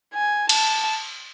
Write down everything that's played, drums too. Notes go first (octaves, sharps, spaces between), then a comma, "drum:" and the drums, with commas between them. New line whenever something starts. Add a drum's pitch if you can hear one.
G#5
A5, drum: cymbal